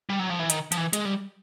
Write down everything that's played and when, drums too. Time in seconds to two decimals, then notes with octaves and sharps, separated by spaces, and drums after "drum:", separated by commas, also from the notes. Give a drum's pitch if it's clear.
0.10 G3
0.19 F#3
0.30 F3
0.39 E3
0.50 D#3, drum: hi-hat
0.72 F3, drum: hi-hat
0.77 E3
0.93 G#3, drum: hi-hat
1.05 G3